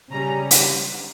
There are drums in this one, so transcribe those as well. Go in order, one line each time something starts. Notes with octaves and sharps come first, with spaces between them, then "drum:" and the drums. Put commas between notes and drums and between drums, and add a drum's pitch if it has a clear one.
C#3 G3 C#4 A#5
drum: hi-hat